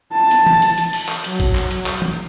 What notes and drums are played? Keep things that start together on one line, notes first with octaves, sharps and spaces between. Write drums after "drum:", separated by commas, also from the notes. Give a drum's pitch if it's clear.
A5
drum: hi-hat
drum: tom E3
drum: hi-hat
drum: hi-hat
drum: open hi-hat
drum: clap
F#3, drum: hi-hat
drum: kick A1, hi-hat
drum: clap
drum: hi-hat
drum: clap
drum: tom E3